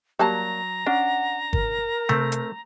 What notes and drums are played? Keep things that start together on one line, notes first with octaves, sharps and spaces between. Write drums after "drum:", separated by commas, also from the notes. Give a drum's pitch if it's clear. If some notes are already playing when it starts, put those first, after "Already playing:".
F#3 G3 A#3 A5 A#5
C#4 D4 F#5
A#4, drum: kick G1
A3 C4, drum: tom C3
drum: hi-hat